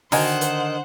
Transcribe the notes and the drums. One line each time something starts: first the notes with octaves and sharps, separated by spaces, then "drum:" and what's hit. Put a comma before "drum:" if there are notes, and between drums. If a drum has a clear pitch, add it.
D3 D#3 F#4 C5 F#5 G#5 A#5, drum: open hi-hat
drum: hi-hat